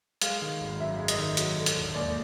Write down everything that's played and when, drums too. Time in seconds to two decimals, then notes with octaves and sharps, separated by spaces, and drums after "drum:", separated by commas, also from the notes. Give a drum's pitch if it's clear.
0.22 G#3 F5, drum: hi-hat
0.42 D#3
0.61 G#1
0.80 F#2 E5
0.99 G#3
1.08 D#5, drum: hi-hat
1.18 D#3
1.37 F#3, drum: hi-hat
1.57 D3
1.66 drum: hi-hat
1.76 E1
1.95 D#2 D5